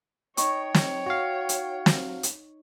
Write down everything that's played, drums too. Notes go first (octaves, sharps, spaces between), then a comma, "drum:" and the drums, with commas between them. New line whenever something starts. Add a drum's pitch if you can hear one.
D#4 C#5 G5 C#6, drum: hi-hat
drum: snare
F#4 F5
drum: hi-hat
drum: snare
drum: hi-hat